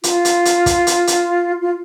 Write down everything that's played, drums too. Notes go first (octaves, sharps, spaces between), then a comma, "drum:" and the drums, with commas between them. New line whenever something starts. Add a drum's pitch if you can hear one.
F4, drum: hi-hat
drum: hi-hat
drum: hi-hat
drum: kick, hi-hat
drum: hi-hat
drum: hi-hat
F4